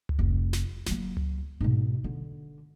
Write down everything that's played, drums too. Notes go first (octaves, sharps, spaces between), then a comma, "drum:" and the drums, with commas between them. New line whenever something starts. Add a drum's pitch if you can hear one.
drum: tom C#2
F1
drum: snare
F#3 A#3, drum: snare
drum: tom C#2
G#2 B2
D3